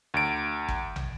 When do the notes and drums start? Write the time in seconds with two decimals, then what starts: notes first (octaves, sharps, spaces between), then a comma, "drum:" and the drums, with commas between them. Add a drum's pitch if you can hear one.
0.14 D2 D7
0.68 drum: kick
0.96 drum: tom